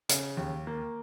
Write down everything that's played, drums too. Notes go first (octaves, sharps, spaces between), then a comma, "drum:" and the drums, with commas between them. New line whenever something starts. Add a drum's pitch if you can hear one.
C#3, drum: hi-hat
D#2
A#3